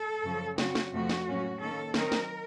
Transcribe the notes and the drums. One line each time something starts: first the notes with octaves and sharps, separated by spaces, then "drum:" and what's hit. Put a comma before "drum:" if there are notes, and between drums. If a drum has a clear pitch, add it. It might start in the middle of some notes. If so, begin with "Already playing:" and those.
Already playing: A4
F#2 C#3 F3
C#3 F#3 C4 F#4, drum: snare
drum: snare
F2 C3 F3 A3 F#4
drum: snare
A2 F#3 A#3 C#4
D#3 A#3 C#4 A4
D#3 F#3 C4 D#4 A#4, drum: snare
drum: snare